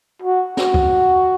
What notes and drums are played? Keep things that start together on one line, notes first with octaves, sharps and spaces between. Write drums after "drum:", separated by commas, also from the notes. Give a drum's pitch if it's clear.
F#4
F#4, drum: snare
drum: kick